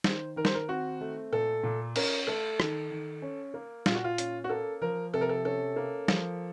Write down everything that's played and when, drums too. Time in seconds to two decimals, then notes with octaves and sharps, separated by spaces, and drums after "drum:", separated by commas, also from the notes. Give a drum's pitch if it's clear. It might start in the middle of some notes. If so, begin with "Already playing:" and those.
0.04 D#3 C5, drum: snare
0.36 D#3 A#4
0.45 C5, drum: snare
0.55 A#4
0.68 C4 F#4
1.01 A3
1.32 A#2 A4
1.63 A#2
1.96 C#4 A#4, drum: cymbal
2.27 A3 A4
2.60 D#3, drum: rim click
2.91 D#3
3.22 C#4
3.54 A#3
3.86 A#2 F4, drum: snare
3.95 F#4
4.04 F4
4.18 C#4, drum: hi-hat
4.44 F#4
4.49 A#3 A4
4.81 F3 A#4
5.14 C3 A4
5.21 A#4
5.29 A4
5.45 C#4 A4
5.76 A#3
6.08 F3, drum: snare